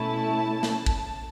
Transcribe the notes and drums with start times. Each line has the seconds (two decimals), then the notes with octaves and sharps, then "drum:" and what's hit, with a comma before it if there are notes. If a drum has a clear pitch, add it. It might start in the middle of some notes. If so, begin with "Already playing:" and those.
Already playing: B2 A3 C#4 E4 A5
0.63 drum: snare
0.86 drum: kick